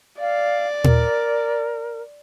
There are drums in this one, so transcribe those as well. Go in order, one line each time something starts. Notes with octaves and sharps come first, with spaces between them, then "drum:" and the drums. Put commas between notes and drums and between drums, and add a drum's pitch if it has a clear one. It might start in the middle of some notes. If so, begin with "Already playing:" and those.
D5 F5
A#4, drum: tom